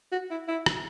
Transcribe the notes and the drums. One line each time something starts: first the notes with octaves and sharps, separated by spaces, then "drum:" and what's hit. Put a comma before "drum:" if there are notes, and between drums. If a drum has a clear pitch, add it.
F#4
E4
E4
drum: rim click